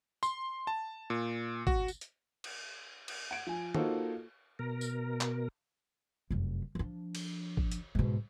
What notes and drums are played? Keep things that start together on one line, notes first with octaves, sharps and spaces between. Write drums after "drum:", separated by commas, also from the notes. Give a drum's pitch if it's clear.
C6, drum: tambourine
A5
A#2
F#4, drum: kick
drum: tambourine
drum: hi-hat
drum: cymbal
drum: cymbal
F#5 G#6 D7
F3 G#5
A#3 D#4 F4 F#4 A4 C5, drum: tom
B2 A#4
drum: tambourine
drum: clap
F1 F#2
F3 D4
drum: cymbal
drum: kick
drum: hi-hat
G#2 B2